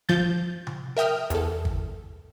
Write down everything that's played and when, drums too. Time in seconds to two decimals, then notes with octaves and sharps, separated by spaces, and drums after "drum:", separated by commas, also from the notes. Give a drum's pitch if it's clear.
0.09 F3 G6 A6, drum: snare
0.67 drum: tom C3
0.97 A#4 E5 G5 D#6 F6
1.30 E2 A4, drum: hi-hat
1.65 drum: kick